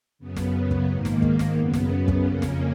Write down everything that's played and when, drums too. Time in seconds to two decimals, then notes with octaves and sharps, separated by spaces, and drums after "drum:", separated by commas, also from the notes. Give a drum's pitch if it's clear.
0.19 F#2 C#3 B3
0.36 drum: snare
0.53 B3
0.71 drum: kick
0.88 G#2 D#3 A#3
1.05 drum: snare
1.22 drum: kick
1.39 drum: snare
1.56 F#2 C#3 B3
1.73 drum: snare
2.08 drum: kick
2.25 F2 C#3 A#3 C#4
2.42 drum: snare